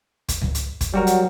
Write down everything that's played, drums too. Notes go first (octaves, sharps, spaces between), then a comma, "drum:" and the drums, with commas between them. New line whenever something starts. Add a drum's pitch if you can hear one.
drum: kick, hi-hat
drum: tom C#2
drum: hi-hat
drum: kick, hi-hat
F#3 G3 F#4 A#4
drum: hi-hat